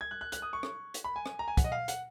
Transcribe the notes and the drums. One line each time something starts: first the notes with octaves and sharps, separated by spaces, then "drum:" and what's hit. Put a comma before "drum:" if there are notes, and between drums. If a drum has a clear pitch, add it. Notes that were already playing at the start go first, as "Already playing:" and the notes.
G#6
F#6
F#6
F#6, drum: hi-hat
D#6
C#6
drum: rim click
drum: hi-hat
B5
G#5
drum: rim click
A#5
G#5
F#5, drum: kick, hi-hat
D#5
F5
F#5, drum: hi-hat